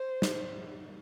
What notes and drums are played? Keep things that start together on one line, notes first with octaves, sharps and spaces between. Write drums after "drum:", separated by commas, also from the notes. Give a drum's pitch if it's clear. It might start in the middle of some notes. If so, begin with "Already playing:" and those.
Already playing: C5
drum: snare